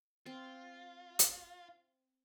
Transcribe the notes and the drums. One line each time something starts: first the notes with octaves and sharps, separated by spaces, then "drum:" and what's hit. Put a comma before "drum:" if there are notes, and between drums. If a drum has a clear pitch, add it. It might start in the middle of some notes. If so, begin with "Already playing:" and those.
C4 F4
drum: hi-hat